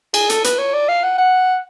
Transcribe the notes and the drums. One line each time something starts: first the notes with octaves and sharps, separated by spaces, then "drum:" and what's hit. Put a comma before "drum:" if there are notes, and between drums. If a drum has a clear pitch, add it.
G#4, drum: cymbal
A4, drum: hi-hat
B4, drum: hi-hat
C#5
D5
F5
F#5
F#5